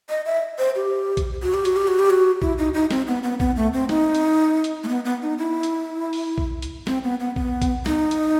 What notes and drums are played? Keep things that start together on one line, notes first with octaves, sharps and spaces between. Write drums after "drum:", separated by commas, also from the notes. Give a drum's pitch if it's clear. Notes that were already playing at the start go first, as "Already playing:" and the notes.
D#5
E5
C5
G4
drum: kick A#1, hi-hat
F#4
G4
F#4, drum: hi-hat
G4
F#4
G4
F#4
E4, drum: kick A#1
D#4
D#4
C4, drum: snare
B3
B3
B3, drum: kick A#1
A3
C4
D#4, drum: snare
drum: hi-hat
drum: hi-hat
A3
B3
B3
D#4
E4
drum: hi-hat
drum: open hi-hat
drum: kick A#1
drum: hi-hat
C4, drum: snare
B3
B3
B3, drum: kick A#1
drum: kick A#1, hi-hat
D#4, drum: snare
drum: hi-hat